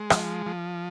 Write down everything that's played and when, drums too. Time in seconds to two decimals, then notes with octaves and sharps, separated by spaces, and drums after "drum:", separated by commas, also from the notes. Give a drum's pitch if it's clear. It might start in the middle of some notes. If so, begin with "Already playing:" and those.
Already playing: G#3
0.10 F3, drum: rim click
0.46 F3